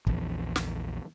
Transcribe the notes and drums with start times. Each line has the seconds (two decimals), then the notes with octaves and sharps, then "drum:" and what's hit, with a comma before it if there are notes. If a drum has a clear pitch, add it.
0.07 A#1 E2, drum: kick
0.56 drum: snare